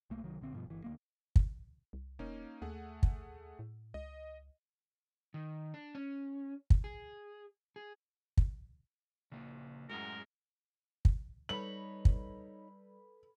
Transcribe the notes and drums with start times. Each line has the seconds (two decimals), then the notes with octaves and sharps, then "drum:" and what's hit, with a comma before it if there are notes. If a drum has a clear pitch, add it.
0.10 B1 A3 A#3
0.24 C2 D#3 F#3
0.41 A#1 D3 C4
0.53 G2 B2 F3
0.67 G1 E3
0.84 D2 G3 A#3
1.36 drum: kick
1.93 C2
2.19 E1 A#3 C#4 D#4
2.62 D#2 A3 G#4 F#5
3.03 drum: kick
3.59 A2
3.94 C#2 D#5
5.34 D#3
5.74 D4
5.95 C#4
6.70 drum: kick
6.84 G#4
7.76 G#4
8.37 drum: kick
9.32 A#1 C#3 A#3
9.89 F#2 A2 G#3 F#4 G#4 A#4 F#5
11.05 drum: kick
11.49 G3 D#4 A4 B4 C#5 B5 F#7
12.05 drum: kick